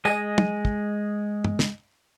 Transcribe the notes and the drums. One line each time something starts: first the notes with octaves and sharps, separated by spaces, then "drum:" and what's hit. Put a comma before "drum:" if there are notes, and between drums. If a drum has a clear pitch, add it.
G#3 D#5 G#5, drum: tambourine
drum: tom
drum: kick
drum: tom
drum: snare